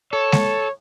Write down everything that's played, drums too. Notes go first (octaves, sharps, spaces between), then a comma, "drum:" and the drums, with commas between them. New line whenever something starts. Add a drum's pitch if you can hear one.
A4 C#5
drum: snare G#3